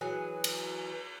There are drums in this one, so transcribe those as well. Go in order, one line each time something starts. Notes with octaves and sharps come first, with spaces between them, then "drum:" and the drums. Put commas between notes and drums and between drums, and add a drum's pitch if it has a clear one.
E3 F#3 G#4 B4
drum: cymbal